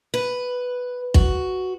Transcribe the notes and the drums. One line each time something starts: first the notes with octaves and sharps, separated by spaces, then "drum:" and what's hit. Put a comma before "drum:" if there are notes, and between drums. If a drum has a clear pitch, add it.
B4
F#4, drum: kick